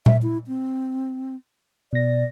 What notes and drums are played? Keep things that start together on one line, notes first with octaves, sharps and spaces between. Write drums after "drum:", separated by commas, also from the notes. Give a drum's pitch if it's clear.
E5, drum: tom A#2
E4
C4
B2 D5 A#6